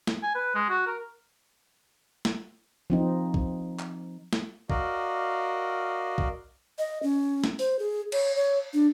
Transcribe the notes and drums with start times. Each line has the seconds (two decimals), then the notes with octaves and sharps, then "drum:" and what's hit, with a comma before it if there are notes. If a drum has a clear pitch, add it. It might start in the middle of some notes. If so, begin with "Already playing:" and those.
0.07 drum: snare
0.23 G#5
0.35 B4
0.55 G#3
0.69 F#4
0.87 A#4
2.25 drum: snare
2.90 F3 C4 D#4
3.34 drum: kick
3.79 drum: clap
4.33 drum: snare
4.70 F#4 A#4 D5 D#5 F5, drum: kick
6.18 drum: kick
6.78 D#5
7.03 C#4
7.44 drum: snare
7.59 C5, drum: open hi-hat
7.79 G#4
8.12 C#5, drum: cymbal
8.36 C#5
8.73 D4